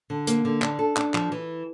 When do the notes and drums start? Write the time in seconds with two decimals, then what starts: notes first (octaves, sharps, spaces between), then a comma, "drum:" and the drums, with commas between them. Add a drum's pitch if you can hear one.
0.10 D3
0.27 A#3, drum: hi-hat
0.45 D3
0.62 D4, drum: clap
0.79 A4
0.97 D4, drum: clap
1.14 F3, drum: clap
1.32 E3